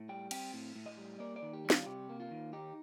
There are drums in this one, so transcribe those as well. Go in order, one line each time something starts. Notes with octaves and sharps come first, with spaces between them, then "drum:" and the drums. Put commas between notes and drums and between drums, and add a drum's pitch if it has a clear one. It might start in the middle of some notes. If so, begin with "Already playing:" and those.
Already playing: A2
G3 G5
C4 G5, drum: cymbal
A2
A2
D#5
G3
A#3 D5
D5
D#3
G4
G3
F4, drum: snare
C3 G4
A#3
F4
D#3
D#4 G4